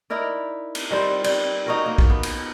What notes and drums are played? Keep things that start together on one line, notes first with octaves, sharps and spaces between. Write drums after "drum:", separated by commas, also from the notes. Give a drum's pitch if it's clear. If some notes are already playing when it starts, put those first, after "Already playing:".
D#4 E4 A#4 D5
drum: cymbal
D#3 G3 C4 C5
G3, drum: cymbal
D#4 F#4 A#4
A#3
drum: kick
B3
drum: cymbal